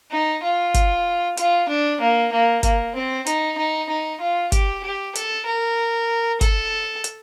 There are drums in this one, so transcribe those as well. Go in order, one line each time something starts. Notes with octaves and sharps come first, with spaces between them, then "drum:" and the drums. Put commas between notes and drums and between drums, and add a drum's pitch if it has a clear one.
D#4
F4
drum: kick, hi-hat
F4, drum: hi-hat
D4
A#3
A#3
A#3, drum: kick, hi-hat
C4
D#4, drum: hi-hat
D#4
D#4
F4
G4, drum: kick, hi-hat
G4
A4, drum: hi-hat
A#4
A4, drum: kick, hi-hat
drum: hi-hat